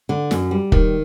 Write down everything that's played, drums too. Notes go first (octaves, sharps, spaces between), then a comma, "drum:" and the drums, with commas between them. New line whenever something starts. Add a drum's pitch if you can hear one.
D3
F#2, drum: snare
G3
D#3, drum: kick